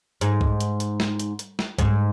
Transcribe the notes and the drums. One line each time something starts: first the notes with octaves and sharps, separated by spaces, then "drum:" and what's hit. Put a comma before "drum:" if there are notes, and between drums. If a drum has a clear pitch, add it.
G#2, drum: hi-hat
drum: kick B1
drum: hi-hat
drum: hi-hat
drum: snare
drum: hi-hat
drum: hi-hat
drum: snare
G#2, drum: kick B1, hi-hat